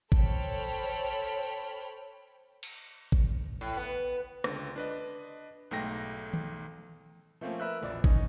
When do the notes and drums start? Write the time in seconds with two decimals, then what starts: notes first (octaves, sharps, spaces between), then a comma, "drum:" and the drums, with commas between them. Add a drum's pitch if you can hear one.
0.12 A4 C5 C#5 G5 B5 F6, drum: kick G#1
2.63 drum: cymbal
3.12 drum: kick G#1
3.61 A2
3.77 B3
4.44 C#2 D3, drum: rim click
4.76 D4 B4 D#5
5.71 B1 G#2 A3 G5 A#6
6.34 drum: tom
7.41 F3 A3 A#3 C4 C#4
7.60 A#4 B4 E5 E6 F#6
7.81 E1 A#1 D5
8.04 C#4 D#4, drum: kick G#1